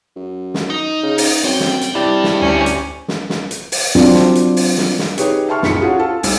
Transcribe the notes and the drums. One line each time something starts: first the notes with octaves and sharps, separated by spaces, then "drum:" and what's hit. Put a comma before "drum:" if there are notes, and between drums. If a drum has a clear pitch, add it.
F#2
drum: snare
D#4
C#3
drum: open hi-hat
F#2 G3 C4 C#5 G5
drum: snare
drum: hi-hat
G2 C3 E4 D5 G5
drum: snare
D2 C#4 G4
drum: hi-hat
drum: snare
drum: snare
drum: hi-hat
drum: open hi-hat
F#3 C4 D4 F4, drum: snare
drum: snare
drum: hi-hat
drum: open hi-hat
drum: snare
drum: snare
D#4 G4 G#4 B4 C#5, drum: hi-hat
E5 G5 A5 C6 C#6 F6
F#1 C#2 A#2 D#4 B6 C#7, drum: snare
C#4 F4 F#4 G#4 A4
F4 A4
B1 G3 E6, drum: open hi-hat